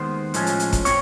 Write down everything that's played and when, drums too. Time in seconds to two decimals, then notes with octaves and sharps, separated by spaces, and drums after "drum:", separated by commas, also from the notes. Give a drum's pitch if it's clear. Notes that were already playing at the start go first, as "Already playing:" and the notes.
Already playing: D#2 D#3 G#3 B3 C5
0.34 A2 F3 G#3 C#4, drum: hi-hat
0.46 drum: hi-hat
0.60 drum: hi-hat
0.73 drum: kick F#1, hi-hat
0.85 C4 C#5, drum: hi-hat